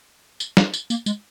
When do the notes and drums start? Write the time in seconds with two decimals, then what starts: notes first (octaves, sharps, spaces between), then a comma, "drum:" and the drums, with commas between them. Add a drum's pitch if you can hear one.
0.40 drum: tambourine
0.57 drum: snare
0.74 drum: tambourine
0.90 A#3, drum: tambourine
1.06 G#3, drum: tambourine